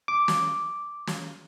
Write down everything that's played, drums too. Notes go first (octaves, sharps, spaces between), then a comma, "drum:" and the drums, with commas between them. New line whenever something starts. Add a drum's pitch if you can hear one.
D6
drum: snare
drum: snare